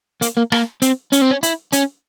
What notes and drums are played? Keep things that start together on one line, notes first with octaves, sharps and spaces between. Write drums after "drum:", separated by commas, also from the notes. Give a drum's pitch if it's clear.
A#3, drum: hi-hat
A#3
A#3, drum: rim click
C4, drum: hi-hat
C#4, drum: hi-hat
C4
C#4
E4, drum: hi-hat
C#4, drum: hi-hat